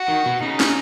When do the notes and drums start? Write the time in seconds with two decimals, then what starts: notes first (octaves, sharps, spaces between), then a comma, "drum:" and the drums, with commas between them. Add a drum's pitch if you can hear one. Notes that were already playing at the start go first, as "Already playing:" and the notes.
Already playing: F#4
0.09 D#3
0.26 B2
0.43 C#3 D#4
0.60 drum: snare